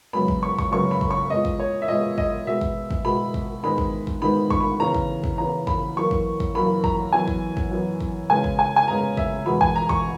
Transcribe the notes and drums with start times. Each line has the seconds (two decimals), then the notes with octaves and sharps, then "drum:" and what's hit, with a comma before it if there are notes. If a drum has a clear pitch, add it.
0.13 F#2 C#3 G#3 B3 B5
0.28 drum: kick
0.43 C#6
0.59 C#6, drum: kick
0.72 F#2 C#3 G#3 B3 C#6
0.91 B5
1.01 drum: kick
1.11 C#6
1.30 A#2 G#3 B3 D#5
1.45 drum: kick
1.59 C#5
1.82 E5
1.88 A#2 G#3 B3 D#5
2.18 D#5, drum: kick
2.47 B2 G#3 B3 E5
2.61 drum: kick
2.91 drum: kick
3.05 B2 G#3 B3 B5
3.34 drum: kick
3.63 G#2 D#3 G#3 B3 B5
3.78 drum: kick
4.07 drum: kick
4.22 G#2 D#3 G#3 B3 B5
4.50 C#6, drum: kick
4.60 B5
4.80 C#3 E3 B3 A#5
4.95 drum: kick
5.24 drum: kick
5.38 C#3 E3 B3 A#5
5.67 B5, drum: kick
5.96 F#2 E3 A#3 C#6
6.11 drum: kick
6.40 drum: kick
6.54 F#2 E3 A#3 B5
6.84 A#5, drum: kick
7.13 F#2 E3 B3 G#5
7.28 drum: kick
7.57 drum: kick
7.71 F#2 E3 B3
8.00 drum: kick
8.29 C#3 G#3 B3 G#5
8.44 drum: kick
8.59 G#5
8.76 G#5
8.88 C#3 G#3 B3 A#5
9.17 E5, drum: kick
9.46 E2 B2 G#3 B3 B5
9.61 G#5, drum: kick
9.76 A#5
9.89 C#6, drum: kick